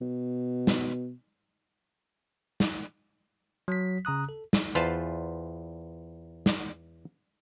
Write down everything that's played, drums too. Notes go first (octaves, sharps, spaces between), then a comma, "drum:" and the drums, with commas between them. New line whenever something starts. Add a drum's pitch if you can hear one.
B2
drum: snare
drum: snare
F#3 B6
C#3 A#5 D#6 F#6
A4
drum: snare
E2 F4 B4 C5 F5 A5
drum: snare